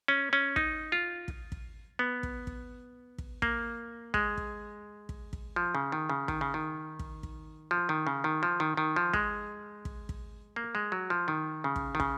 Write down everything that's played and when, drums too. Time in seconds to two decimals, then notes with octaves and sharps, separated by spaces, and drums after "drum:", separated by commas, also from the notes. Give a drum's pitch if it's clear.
0.08 C#4
0.33 C#4
0.56 D#4, drum: kick
0.92 F4
1.28 drum: kick
1.52 drum: kick
1.99 B3
2.23 drum: kick
2.47 drum: kick
3.18 drum: kick
3.42 A#3, drum: kick
4.14 G#3, drum: kick
4.37 drum: kick
5.09 drum: kick
5.33 drum: kick
5.56 F3
5.75 C#3
5.92 D#3
6.10 C#3
6.28 D#3, drum: kick
6.41 C#3
6.54 D#3
6.99 drum: kick
7.23 drum: kick
7.71 F3
7.89 D#3
8.07 C#3
8.24 D#3
8.43 F3
8.60 D#3
8.77 D#3
8.96 F3
9.14 G#3, drum: kick
9.85 drum: kick
10.09 drum: kick
10.56 A#3
10.75 G#3
10.92 F#3
11.10 F3
11.28 D#3
11.64 C#3
11.76 drum: kick
11.95 D#3
12.00 C#3, drum: kick